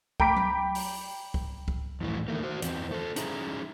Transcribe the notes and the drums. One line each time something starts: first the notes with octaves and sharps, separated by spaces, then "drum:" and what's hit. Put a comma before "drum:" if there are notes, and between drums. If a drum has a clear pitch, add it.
G5 A#5 B5 D6 B6 D7, drum: kick C#2
drum: tom F#3
drum: open hi-hat
drum: kick C#2
drum: kick C#2
F2 A2 E3
D#3 A3 A#3
F#4 C5
E2 C4, drum: hi-hat
A3 A4 C5
C#4 D#4 E4 G#4 A#5, drum: hi-hat